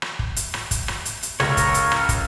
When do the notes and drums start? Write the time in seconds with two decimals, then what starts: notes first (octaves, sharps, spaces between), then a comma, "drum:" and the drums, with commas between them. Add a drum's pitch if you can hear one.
0.02 drum: rim click
0.19 drum: kick
0.36 drum: hi-hat
0.54 drum: rim click
0.71 drum: kick, hi-hat
0.88 drum: rim click
1.05 drum: hi-hat
1.23 drum: hi-hat
1.40 C#2 A#4 C#5, drum: rim click
1.57 drum: kick, hi-hat
1.74 drum: hi-hat
1.92 drum: rim click
2.09 drum: kick, hi-hat